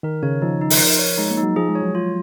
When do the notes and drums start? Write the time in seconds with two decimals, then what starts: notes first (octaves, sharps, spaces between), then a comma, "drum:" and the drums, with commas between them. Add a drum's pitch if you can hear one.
0.03 D#3 A#4
0.23 C#3 C#5
0.42 F3 D#4
0.61 D#4
0.70 drum: open hi-hat
0.80 A#4
0.99 C#5
1.17 G#3 D#4
1.31 A#3
1.38 D#4
1.43 F#3
1.56 F3 G#4
1.69 G#3
1.75 C#5
1.82 F#3
1.95 F4